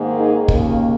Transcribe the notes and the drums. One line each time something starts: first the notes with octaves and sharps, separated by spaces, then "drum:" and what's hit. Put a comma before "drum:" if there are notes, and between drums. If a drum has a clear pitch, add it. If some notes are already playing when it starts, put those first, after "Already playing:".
Already playing: G#2 D#3 A#3
D#4 G#4
D#2 C#3 A#3, drum: kick